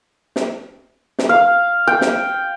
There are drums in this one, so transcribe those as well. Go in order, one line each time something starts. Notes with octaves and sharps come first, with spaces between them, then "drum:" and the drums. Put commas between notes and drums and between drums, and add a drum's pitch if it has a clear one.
drum: snare
drum: snare
F5
G5
drum: snare